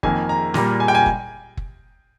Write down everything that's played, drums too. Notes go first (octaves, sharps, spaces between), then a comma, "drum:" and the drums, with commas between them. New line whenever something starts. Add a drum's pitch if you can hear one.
F2 D#3 A#3 G#5, drum: kick
A#5
A#2 G3 A#3 A#5, drum: snare
G#5
G5
G#5
drum: kick
drum: kick